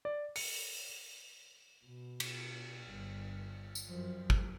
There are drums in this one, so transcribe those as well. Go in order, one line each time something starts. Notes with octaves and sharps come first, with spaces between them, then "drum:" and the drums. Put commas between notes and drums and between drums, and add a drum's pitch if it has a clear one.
D5
C#7, drum: open hi-hat
B2
drum: cymbal
G1
drum: tambourine
F#2 F3
drum: kick